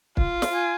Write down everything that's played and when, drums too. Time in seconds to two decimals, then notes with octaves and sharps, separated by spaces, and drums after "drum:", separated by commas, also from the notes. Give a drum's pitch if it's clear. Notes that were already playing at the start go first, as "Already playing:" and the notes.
0.17 F4, drum: kick
0.42 drum: snare
0.55 G#5